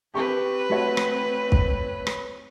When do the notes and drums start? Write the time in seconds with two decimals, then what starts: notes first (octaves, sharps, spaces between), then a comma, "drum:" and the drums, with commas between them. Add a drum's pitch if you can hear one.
0.14 C4 G4 B4 C#6
0.70 A3 F#4 C#5
0.97 drum: rim click
1.52 drum: kick
2.07 drum: rim click